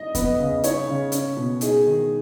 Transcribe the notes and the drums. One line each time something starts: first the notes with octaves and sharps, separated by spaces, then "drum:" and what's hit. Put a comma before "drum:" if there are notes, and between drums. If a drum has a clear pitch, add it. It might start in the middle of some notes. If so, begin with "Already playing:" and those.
Already playing: D#5
B3, drum: kick E2, hi-hat
C#3
D#4 C#5, drum: hi-hat
C#3
C#4, drum: hi-hat
B2
D#4 G#4, drum: hi-hat
D#3